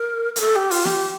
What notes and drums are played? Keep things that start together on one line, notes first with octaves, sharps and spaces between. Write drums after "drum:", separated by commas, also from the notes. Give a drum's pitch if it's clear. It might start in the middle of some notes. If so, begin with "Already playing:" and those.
Already playing: A#4
A#4, drum: hi-hat
A4
G4
F4, drum: open hi-hat
G4, drum: snare